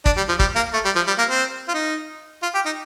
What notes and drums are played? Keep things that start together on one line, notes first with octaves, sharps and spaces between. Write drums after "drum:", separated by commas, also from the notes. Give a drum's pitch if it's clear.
D4, drum: kick
G3
F3
G3, drum: kick
A#3
A3
G3
F3
G3
A#3
C4
F4
D#4
F4
G4
D#4